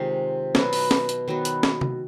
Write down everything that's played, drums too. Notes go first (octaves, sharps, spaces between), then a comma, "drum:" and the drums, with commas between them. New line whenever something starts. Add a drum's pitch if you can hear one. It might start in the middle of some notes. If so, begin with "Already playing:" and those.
Already playing: C3 D#3 G#3 F4
B2 F#3 B3, drum: snare
drum: open hi-hat
drum: snare
drum: hi-hat
D#3 F#3 B3
drum: hi-hat
drum: snare
drum: tom C3